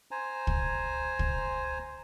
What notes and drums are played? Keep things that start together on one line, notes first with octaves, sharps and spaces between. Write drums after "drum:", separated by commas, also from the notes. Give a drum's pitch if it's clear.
C5 G#5 A#5
drum: kick
drum: kick